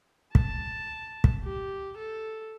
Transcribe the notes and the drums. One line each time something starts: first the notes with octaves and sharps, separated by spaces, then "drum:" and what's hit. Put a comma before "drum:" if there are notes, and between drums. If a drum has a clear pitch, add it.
A5, drum: kick
drum: kick
G4
A4